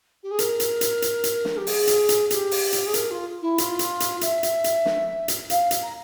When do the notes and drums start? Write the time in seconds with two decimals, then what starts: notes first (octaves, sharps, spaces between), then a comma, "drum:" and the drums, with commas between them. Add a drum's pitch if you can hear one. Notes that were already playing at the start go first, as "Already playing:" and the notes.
0.23 G4
0.30 G#4
0.39 A#4, drum: hi-hat
0.60 drum: hi-hat
0.81 drum: hi-hat
1.02 drum: hi-hat
1.24 drum: hi-hat
1.45 drum: snare
1.57 G4
1.67 G#4, drum: open hi-hat
1.87 drum: hi-hat
2.09 drum: hi-hat
2.31 G4, drum: hi-hat
2.51 drum: open hi-hat
2.73 drum: hi-hat
2.86 G#4
2.94 A#4, drum: hi-hat
3.10 F4
3.41 E4
3.58 F4, drum: hi-hat
3.79 drum: hi-hat
4.00 drum: hi-hat
4.21 E5, drum: hi-hat
4.43 drum: hi-hat
4.64 drum: hi-hat
4.86 drum: snare
5.28 drum: hi-hat
5.50 F5, drum: hi-hat
5.71 drum: hi-hat
5.82 A#5